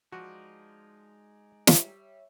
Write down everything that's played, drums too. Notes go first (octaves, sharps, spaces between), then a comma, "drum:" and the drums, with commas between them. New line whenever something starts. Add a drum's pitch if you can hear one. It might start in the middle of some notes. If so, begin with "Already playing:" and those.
F3 G#3 D#4 F#4 D5
G3 C#5 E5, drum: snare